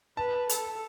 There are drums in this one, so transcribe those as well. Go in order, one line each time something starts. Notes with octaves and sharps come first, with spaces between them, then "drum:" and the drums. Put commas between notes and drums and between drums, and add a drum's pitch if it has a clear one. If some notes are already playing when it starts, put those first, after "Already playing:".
B4 A5
A4, drum: hi-hat